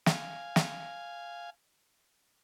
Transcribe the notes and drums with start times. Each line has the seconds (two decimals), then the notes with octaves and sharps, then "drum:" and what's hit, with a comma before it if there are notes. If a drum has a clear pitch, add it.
0.06 F5 G#5, drum: snare
0.56 drum: snare